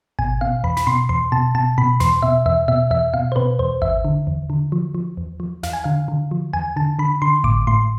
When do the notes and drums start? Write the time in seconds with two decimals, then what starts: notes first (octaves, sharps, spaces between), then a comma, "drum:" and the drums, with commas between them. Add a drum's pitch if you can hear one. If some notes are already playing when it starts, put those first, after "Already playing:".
0.19 B2 G#5, drum: kick G#1
0.41 B2 F5
0.64 E2 B5
0.77 B5, drum: snare
0.87 B2 C6
1.09 E2 C6
1.32 B2 A5
1.55 B2 A5
1.78 B2 B5
2.00 E2 C6, drum: snare
2.23 B2 E5
2.46 E2 E5
2.68 B2 E5
2.91 E2 E5
3.14 B2 F5
3.32 C5
3.36 B2 B4
3.59 E2 C5
3.82 E2 E5, drum: kick G#1
4.05 D3
4.27 E2
4.50 D3
4.72 F3
4.95 F3
5.17 E2
5.40 F3
5.63 E2 F5, drum: snare
5.73 G#5
5.84 D3 F5
6.08 D3
6.31 F3
6.53 E2 G#5
6.76 D3 A5
6.99 D3 B5
7.22 D3 C6
7.44 A2 D6, drum: kick G#1
7.67 A2 C6